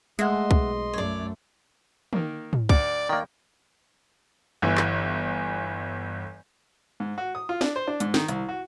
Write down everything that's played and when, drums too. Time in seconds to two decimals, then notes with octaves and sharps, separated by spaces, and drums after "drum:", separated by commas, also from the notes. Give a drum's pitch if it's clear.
0.19 G#3 A3 D#5 E5 F#5 C6, drum: hi-hat
0.51 B1, drum: kick C2
0.93 F#2 A3 C#5 D5
2.13 D#3 A#3, drum: tom
2.53 drum: tom
2.69 D2 D5 D6, drum: kick C2
3.09 D#3 A#3 G5
4.62 G1 E3
4.77 drum: clap
7.00 G#2
7.18 F#4
7.35 D#6
7.49 F4
7.61 D4, drum: snare
7.76 C5
7.88 D4
8.00 G#2, drum: hi-hat
8.14 D#3, drum: snare
8.28 C2, drum: hi-hat
8.49 F#4